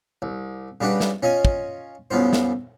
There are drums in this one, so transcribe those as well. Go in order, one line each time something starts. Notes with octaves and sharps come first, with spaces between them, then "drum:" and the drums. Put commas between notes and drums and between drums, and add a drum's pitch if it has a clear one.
C2
C#3 G3 D4 F#4 B4
drum: snare
C#4 F4 D#5 G#5
drum: kick
C2 F#2 B3 F4 C5
drum: snare